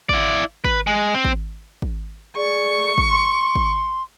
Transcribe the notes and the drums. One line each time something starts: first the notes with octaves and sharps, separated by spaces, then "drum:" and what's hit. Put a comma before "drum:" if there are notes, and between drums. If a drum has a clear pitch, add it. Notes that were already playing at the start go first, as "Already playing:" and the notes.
E4 D5, drum: kick
B4, drum: kick
G#3
C4
drum: kick
drum: kick
G#4 D5 C#6
drum: kick
C6
drum: kick